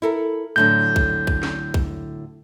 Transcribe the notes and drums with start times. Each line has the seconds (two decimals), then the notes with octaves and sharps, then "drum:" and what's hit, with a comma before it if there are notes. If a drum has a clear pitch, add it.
0.02 E4 A4 A#4
0.56 A2 D3 F#3 G6
0.96 drum: kick
1.27 drum: kick
1.43 drum: snare
1.74 drum: kick